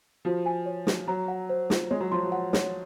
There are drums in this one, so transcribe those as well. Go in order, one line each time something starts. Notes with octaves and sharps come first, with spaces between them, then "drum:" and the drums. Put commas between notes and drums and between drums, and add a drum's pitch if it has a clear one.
F3 F#4
G#5
C#5
F#4, drum: snare
F#3 A#5
F#5
C5
F4, drum: snare
G#3 C#5
F#3
F3 C6
F#3
F#5
C#5, drum: snare